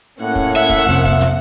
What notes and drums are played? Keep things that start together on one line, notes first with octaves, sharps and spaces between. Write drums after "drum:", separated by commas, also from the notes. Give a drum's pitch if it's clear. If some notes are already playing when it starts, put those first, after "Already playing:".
A2 A#3 C#4 F#5
drum: kick
E5
drum: kick
B1 F2 C3 F3
drum: kick
drum: snare